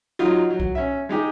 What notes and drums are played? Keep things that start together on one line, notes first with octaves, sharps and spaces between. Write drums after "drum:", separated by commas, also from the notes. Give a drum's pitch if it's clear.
F#3 D#4 F4
F#3
drum: kick C2
C#4 E5
G#3 D#4 G4